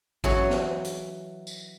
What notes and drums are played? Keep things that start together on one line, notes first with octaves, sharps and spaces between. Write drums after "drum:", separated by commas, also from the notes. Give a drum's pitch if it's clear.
E3 F#3 D#4 C#5, drum: kick A1
drum: snare
drum: hi-hat
drum: tambourine